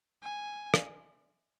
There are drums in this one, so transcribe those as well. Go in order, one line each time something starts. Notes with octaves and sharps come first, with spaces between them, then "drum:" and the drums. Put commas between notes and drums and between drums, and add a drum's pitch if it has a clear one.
G#5
drum: rim click